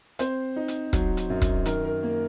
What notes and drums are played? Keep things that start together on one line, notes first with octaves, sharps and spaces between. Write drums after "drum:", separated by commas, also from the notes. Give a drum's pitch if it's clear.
C4 C5, drum: hi-hat
D#4
drum: hi-hat
F#3, drum: kick, hi-hat
drum: hi-hat
F#2
drum: kick, hi-hat
D#3 A#4, drum: hi-hat
A#4
A#3